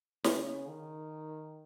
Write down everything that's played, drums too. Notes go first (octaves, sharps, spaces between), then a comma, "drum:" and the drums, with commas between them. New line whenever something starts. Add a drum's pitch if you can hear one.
C#3, drum: snare
D#3